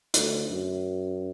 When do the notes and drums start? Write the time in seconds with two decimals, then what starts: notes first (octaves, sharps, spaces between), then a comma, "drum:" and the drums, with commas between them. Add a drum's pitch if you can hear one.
0.14 D2, drum: hi-hat
0.49 F#2